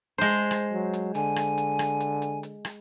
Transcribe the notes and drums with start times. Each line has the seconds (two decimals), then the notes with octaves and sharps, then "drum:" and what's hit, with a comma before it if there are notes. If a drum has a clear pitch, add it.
0.18 G#3 C5
0.29 drum: hi-hat
0.51 drum: rim click
0.73 F#3
0.94 drum: hi-hat
1.15 D3 G#5, drum: hi-hat
1.36 drum: rim click
1.58 drum: hi-hat
1.79 drum: rim click
2.00 drum: hi-hat
2.22 drum: hi-hat
2.43 drum: hi-hat
2.65 drum: rim click